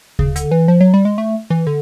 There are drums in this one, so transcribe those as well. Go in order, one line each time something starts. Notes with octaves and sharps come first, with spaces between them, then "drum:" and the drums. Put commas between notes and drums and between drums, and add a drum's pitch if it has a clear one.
C#3, drum: kick D2
D3, drum: hi-hat
E3
F3
F#3
G3
G#3
A3
E3
D3